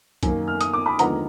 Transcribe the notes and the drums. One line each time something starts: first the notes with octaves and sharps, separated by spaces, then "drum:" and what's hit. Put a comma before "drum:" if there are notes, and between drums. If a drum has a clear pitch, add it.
F#2 D#3 A#3, drum: kick, hi-hat
F6
D#6, drum: hi-hat
D6
B5
D#2 D3 F3 G#3 B3 F#5 A#5, drum: hi-hat